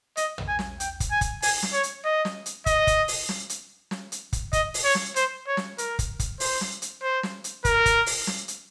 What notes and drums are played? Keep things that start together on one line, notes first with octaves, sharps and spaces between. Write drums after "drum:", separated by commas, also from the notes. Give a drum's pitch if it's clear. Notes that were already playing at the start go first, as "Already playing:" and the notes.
D#5, drum: hi-hat
drum: tom
G#5
drum: snare
G5, drum: hi-hat
drum: kick, hi-hat
G#5
drum: kick, hi-hat
G#5, drum: open hi-hat
drum: snare
C#5
drum: hi-hat
D#5
drum: snare
drum: hi-hat
D#5, drum: kick, hi-hat
drum: kick, hi-hat
drum: open hi-hat
drum: snare
drum: hi-hat
drum: snare
drum: hi-hat
drum: kick, hi-hat
D#5, drum: kick, hi-hat
drum: open hi-hat
C#5
drum: snare
C5, drum: hi-hat
C#5
drum: snare
A#4, drum: hi-hat
drum: kick, hi-hat
drum: kick, hi-hat
C5, drum: open hi-hat
drum: snare
drum: hi-hat
C5
drum: snare
drum: hi-hat
A#4, drum: kick, hi-hat
drum: kick, hi-hat
drum: open hi-hat
drum: snare
drum: hi-hat